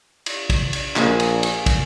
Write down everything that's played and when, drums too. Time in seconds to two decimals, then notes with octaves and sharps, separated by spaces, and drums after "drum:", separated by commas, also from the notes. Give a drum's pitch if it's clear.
0.26 drum: cymbal
0.50 drum: kick, cymbal
0.73 drum: cymbal
0.96 A#1 A#3 G#4, drum: clap
1.20 drum: cymbal
1.43 drum: cymbal
1.66 drum: kick, cymbal